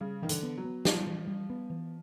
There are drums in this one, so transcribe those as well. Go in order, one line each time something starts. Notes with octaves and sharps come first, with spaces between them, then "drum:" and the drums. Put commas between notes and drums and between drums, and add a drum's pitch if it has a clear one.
C#3 G3
D#3 E3
D3, drum: hi-hat
B3
F#3
B3
F3 G3, drum: snare
E3
G3
B3
E3